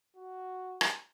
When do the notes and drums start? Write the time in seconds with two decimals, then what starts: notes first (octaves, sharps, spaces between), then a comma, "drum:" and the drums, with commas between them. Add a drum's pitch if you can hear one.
0.17 F#4
0.81 drum: rim click